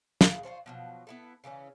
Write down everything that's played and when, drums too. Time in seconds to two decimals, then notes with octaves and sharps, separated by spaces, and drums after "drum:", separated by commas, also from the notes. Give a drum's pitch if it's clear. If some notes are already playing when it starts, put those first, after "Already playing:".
0.21 E4 F4 G#4, drum: snare
0.43 F4 A4 C5 C#5
0.66 B2 F3 F#3
1.07 B3 E4 A4
1.44 C#3 E3 A3 C#4